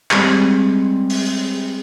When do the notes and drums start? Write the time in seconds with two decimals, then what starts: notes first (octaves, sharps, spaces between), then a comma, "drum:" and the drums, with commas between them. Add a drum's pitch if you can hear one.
0.11 G3 G#3 C4, drum: clap
1.10 drum: open hi-hat